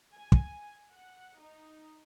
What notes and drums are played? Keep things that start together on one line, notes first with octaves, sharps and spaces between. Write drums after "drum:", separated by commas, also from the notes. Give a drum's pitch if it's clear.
G#5
drum: kick
F#5
D#4